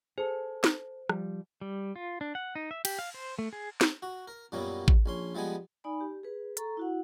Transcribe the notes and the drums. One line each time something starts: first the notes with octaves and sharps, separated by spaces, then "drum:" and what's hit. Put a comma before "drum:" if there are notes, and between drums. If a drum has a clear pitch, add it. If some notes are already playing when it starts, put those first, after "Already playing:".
G#4 A4 C5
drum: snare
F3 G3, drum: rim click
G3
F4
D4
F#5
D#4
E5
G4, drum: cymbal
F5
C5
A3
G#4
drum: snare
F#4
A#4
F#2 A#2 F#3 G3 A#3 B3
drum: kick A1
A#1 C#4 C6
F3 G3 G#3 B3 G#5
D#4 D5 G#5 B5
G4
G#4 B4
A4 A#5 C#6, drum: hi-hat
E4 F#4 F#5